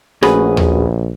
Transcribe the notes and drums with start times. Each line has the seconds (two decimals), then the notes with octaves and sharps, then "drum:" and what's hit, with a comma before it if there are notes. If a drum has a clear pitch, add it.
0.23 A#1 A3 C#4 F#4 G#4 B4, drum: rim click
0.57 drum: tom D#2